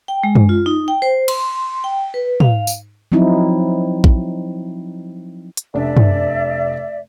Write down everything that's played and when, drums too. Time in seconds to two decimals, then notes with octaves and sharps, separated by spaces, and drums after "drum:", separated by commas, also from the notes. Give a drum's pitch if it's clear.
0.08 G5
0.23 G#3
0.36 drum: tom
0.49 F4
0.66 D#4
0.88 G5
1.02 C5
1.28 C6, drum: cymbal
1.84 G5
2.14 B4
2.40 F5, drum: tom
2.67 drum: tambourine
3.12 F3 F#3 C4 D#4 E4
4.04 drum: kick
5.57 drum: hi-hat
5.74 F1 D4 D5 E5
5.97 drum: tom